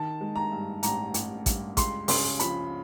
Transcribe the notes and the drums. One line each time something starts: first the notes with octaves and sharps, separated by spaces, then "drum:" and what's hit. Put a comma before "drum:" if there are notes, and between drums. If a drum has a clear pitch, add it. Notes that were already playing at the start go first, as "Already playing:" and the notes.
Already playing: D#3 A5
G#3
A#5
G2
A1 A#5, drum: hi-hat
A1, drum: hi-hat
G2, drum: kick, hi-hat
C#2 C6, drum: kick, hi-hat
C#3 C6, drum: open hi-hat
F3 B5, drum: hi-hat